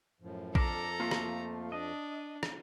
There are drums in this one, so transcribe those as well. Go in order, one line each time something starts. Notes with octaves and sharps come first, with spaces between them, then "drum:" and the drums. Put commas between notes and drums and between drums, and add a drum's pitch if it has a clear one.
F#2 A2 F3
F2 F3 D4 A4 A#4 A#5, drum: kick A#1
A3 A#3 F4
drum: rim click
D4 D#5
drum: rim click